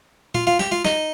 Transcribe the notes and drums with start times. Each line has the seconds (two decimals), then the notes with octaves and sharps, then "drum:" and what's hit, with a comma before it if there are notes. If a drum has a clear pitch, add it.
0.35 F4 F5, drum: tom A#2
0.47 F4 F5
0.59 G4 G5, drum: snare
0.71 F4 F5
0.85 D#4 D#5, drum: snare